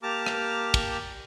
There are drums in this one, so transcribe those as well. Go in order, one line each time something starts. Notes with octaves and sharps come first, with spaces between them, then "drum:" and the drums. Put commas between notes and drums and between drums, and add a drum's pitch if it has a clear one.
A#3 G4 A5 A#5 D6 F6
drum: rim click
drum: kick, cymbal